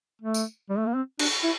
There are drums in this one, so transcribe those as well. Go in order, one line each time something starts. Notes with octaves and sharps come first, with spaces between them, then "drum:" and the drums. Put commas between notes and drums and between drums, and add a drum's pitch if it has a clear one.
A3
drum: tambourine
G3
A3
A#3
C4
D4, drum: cymbal
E4